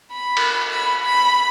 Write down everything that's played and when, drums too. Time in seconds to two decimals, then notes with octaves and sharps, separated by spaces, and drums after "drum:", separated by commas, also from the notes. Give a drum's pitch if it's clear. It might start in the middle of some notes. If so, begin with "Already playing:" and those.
0.12 B5
0.37 drum: cymbal
0.71 B5
1.03 B5